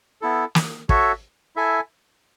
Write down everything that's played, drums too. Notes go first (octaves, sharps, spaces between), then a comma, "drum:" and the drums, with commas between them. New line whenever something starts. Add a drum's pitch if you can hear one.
B3 E4 A4
drum: snare
F#4 A4 C#5 E5, drum: kick
E4 A4 E5 G#5